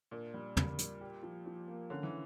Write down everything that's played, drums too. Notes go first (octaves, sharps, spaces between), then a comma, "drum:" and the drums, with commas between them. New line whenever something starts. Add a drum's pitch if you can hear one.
A#2 D4
G3
G3, drum: tom
G3, drum: hi-hat
G4
F3
F3
A#3
D3 C#4
E3